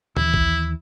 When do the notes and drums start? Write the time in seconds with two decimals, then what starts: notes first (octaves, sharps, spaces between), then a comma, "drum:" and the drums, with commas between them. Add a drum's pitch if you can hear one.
0.17 D#2 E3 E4, drum: tom
0.34 drum: kick A#1